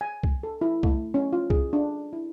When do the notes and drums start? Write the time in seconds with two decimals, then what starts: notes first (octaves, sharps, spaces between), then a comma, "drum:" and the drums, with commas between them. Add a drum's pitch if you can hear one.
0.01 G#5
0.23 drum: kick C2
0.43 A4
0.61 E4
0.83 A3, drum: kick C2
1.14 C#4
1.33 F4
1.50 G#4, drum: kick C2
1.73 D4
2.13 E4